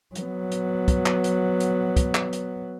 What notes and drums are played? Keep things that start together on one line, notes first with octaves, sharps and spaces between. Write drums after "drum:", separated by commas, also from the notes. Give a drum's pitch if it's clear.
F#3 B3, drum: hi-hat
drum: hi-hat
drum: kick, hi-hat
drum: clap
drum: hi-hat
drum: hi-hat
drum: kick, hi-hat
drum: clap
drum: hi-hat